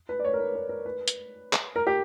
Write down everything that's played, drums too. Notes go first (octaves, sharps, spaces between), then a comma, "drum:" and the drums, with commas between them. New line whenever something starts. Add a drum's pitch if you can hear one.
B4
D5
C#5
A#4
B4
C#5
B4
A#4
B4
drum: hi-hat
drum: clap
A#4
G4